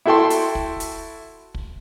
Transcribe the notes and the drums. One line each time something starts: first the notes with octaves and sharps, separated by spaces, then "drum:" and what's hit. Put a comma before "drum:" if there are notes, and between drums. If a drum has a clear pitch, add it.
E4 F#4 A4 G5 A5 C6
drum: hi-hat
drum: kick
drum: hi-hat
drum: kick